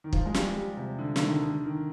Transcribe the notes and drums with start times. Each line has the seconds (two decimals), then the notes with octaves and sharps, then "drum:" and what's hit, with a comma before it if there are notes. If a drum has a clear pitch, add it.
0.04 D#3
0.13 F3, drum: kick
0.26 G#3
0.34 G3, drum: snare
0.56 G3
0.77 C3
0.99 D3
1.16 D3, drum: snare
1.21 D#3
1.43 D3
1.65 D#3